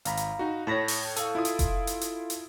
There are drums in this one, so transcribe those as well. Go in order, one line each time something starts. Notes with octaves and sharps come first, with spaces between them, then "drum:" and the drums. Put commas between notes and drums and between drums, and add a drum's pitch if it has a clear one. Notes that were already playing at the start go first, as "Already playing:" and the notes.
G#1 F5 A#5 B5, drum: hi-hat
drum: hi-hat
D#4 F#4
A2 C#5 A5 B5 A#6
drum: open hi-hat
A4 F5, drum: hi-hat
E4 F4 D#6
drum: hi-hat
drum: kick F1, hi-hat
drum: hi-hat
drum: hi-hat
drum: hi-hat